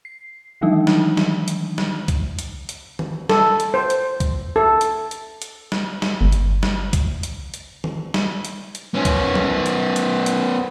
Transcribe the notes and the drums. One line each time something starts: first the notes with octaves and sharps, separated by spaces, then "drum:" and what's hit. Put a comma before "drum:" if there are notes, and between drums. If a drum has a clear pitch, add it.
C7
D#3 E3 F#3 G#3 D4 D#4
drum: snare
drum: snare
drum: hi-hat
drum: snare
drum: kick C2, hi-hat
drum: hi-hat
drum: hi-hat
drum: tom D#3
A4, drum: snare
drum: hi-hat
C5
drum: hi-hat
drum: kick C2, hi-hat
A4
drum: hi-hat
drum: hi-hat
drum: hi-hat
drum: snare
drum: snare
G1
drum: hi-hat
drum: snare
drum: kick C2, hi-hat
drum: hi-hat
drum: hi-hat
drum: tom D#3
drum: snare
drum: hi-hat
drum: hi-hat
B3 C#4
drum: kick C2, hi-hat
drum: tom F3
drum: hi-hat
drum: hi-hat
drum: hi-hat